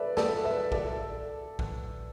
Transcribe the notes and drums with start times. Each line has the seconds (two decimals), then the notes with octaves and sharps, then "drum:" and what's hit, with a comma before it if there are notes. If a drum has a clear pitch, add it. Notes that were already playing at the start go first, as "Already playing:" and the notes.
Already playing: A4 B4 D5 E5
0.17 A4 D5, drum: snare
0.45 B4 E5
0.72 A4 D5, drum: kick
1.59 drum: kick